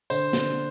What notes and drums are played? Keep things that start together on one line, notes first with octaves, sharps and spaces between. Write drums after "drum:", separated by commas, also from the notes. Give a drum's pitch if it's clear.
D3 C5, drum: tambourine
D3, drum: snare